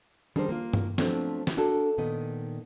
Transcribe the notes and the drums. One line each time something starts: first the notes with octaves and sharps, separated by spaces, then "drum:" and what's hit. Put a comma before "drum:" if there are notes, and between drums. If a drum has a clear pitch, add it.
G3 D4 G#4 A#4 C5, drum: tom D#3
A#3 F4
drum: tom G2
F3 F#3 A3 B3 C4 D4, drum: snare
drum: snare
D4 F#4 A4 A#4
A#2 D#3 B3 D#4